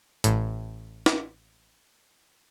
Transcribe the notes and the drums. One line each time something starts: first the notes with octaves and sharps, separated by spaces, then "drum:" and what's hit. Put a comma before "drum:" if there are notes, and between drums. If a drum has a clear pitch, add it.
A1 A2, drum: hi-hat
drum: snare